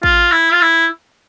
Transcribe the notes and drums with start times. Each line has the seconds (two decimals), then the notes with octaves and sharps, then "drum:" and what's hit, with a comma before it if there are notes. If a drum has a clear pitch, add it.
0.03 F4, drum: kick A1
0.31 E4
0.51 F4
0.61 E4